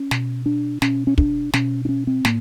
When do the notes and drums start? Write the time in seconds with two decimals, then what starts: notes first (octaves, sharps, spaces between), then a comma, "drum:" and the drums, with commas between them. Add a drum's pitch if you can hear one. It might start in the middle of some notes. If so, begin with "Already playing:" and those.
Already playing: C#4
0.11 B2, drum: snare
0.46 D4
0.82 B2 C#4, drum: snare
1.07 C#4
1.18 D4, drum: kick
1.53 B2 C#4, drum: snare
1.85 D4
1.89 C#4
2.07 C4
2.25 A2 A#3, drum: snare